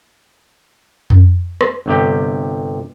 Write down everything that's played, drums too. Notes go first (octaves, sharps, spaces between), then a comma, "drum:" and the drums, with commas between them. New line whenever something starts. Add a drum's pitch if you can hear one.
drum: tom F2
drum: rim click
G1 C3 G4